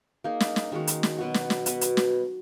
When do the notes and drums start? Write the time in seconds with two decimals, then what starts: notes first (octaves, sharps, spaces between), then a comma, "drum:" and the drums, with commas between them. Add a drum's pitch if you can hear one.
0.24 A#3 D#4 G#4
0.40 drum: snare
0.56 drum: snare
0.72 D#3 G#3 C#4 F#4
0.87 drum: hi-hat
1.03 drum: snare
1.18 B2 F#3 B3 F#4
1.34 drum: snare
1.50 drum: snare
1.66 B3 F#4 B4, drum: hi-hat
1.81 drum: hi-hat
1.97 drum: snare